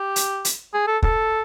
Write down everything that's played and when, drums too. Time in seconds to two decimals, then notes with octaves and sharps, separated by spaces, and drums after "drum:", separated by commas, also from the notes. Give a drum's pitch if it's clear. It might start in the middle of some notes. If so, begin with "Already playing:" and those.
Already playing: G4
0.16 drum: hi-hat
0.45 drum: hi-hat
0.74 G#4
0.87 A4
1.03 A4, drum: kick